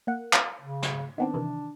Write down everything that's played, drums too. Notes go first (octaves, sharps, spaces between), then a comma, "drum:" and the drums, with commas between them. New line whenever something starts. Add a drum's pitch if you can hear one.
A#3 F#5
drum: clap
C#3
drum: snare
D#3 B3 C4 D4
C3 D#3 E3